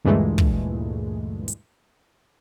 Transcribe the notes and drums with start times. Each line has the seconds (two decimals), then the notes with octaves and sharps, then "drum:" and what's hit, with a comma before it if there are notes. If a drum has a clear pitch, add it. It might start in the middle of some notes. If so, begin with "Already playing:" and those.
0.05 D2 G2 A#2 E3 G#3 A3
0.38 drum: kick
1.48 drum: hi-hat